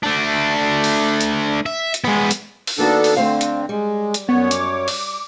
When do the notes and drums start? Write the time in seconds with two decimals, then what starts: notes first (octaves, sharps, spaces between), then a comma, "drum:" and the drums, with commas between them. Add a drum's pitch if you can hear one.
0.03 A3 D4
0.84 drum: open hi-hat
1.21 drum: hi-hat
1.66 E5
1.94 drum: hi-hat
2.04 G#3 B3
2.31 drum: hi-hat
2.67 drum: open hi-hat
2.78 D#3 A#3 B3 D4 F#4 A4
3.04 drum: open hi-hat
3.17 D3 A3 C4 C5 F5
3.41 drum: hi-hat
3.69 G3 G#3
4.14 drum: hi-hat
4.29 F#2 B3 C#5
4.51 D6, drum: hi-hat
4.88 drum: open hi-hat